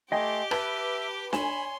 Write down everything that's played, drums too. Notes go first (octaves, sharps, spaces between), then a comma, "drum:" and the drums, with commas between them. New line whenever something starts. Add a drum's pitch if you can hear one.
A3 G4 D#5 G5 G#5 C6 D6
B4 E5 A5, drum: rim click
C#5 G#5 B5 C6 E7, drum: snare D4